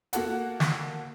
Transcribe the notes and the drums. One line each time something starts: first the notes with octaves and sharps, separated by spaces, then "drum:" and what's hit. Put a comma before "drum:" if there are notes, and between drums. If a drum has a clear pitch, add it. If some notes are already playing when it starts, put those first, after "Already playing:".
A#3 F#4 A4 F#5, drum: hi-hat
drum: snare